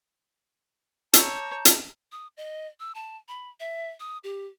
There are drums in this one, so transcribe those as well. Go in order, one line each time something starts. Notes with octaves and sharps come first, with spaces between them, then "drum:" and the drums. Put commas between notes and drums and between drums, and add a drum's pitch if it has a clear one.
C#5 A5 A#5 D6 E6 G6, drum: hi-hat
drum: hi-hat
D#6
D#5
E6
A5
B5
E5
D#6
G4